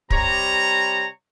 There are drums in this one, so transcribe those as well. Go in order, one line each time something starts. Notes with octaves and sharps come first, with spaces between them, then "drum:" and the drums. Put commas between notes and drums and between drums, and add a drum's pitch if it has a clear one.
C3 G3 C#5 A#5, drum: kick